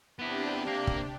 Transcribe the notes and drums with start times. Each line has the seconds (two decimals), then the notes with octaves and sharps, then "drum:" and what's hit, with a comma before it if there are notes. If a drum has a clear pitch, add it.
0.19 C3 B3 D4 E4 G4
0.67 A#3 F5
0.87 drum: kick